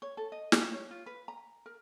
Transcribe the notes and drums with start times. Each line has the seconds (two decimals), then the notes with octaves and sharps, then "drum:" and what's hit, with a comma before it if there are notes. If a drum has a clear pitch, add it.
0.02 C#5
0.17 A4
0.32 D#5
0.52 F4, drum: snare
0.73 C#5
0.91 F4
1.06 B4
1.28 A#5
1.66 A#4